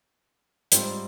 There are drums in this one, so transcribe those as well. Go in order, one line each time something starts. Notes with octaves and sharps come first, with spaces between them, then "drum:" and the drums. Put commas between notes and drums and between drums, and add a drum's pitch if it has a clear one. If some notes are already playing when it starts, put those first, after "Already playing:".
G#2 G3 C4 F4, drum: hi-hat